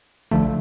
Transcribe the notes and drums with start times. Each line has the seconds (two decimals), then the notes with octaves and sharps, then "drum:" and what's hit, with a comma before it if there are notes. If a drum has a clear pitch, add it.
0.31 D3 F3 A3, drum: kick